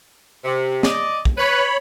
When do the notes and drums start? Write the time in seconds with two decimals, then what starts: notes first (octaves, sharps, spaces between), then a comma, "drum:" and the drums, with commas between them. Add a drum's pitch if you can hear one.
0.44 C3
0.83 D5 D#5, drum: snare
1.25 drum: kick
1.38 B4 C#5 B5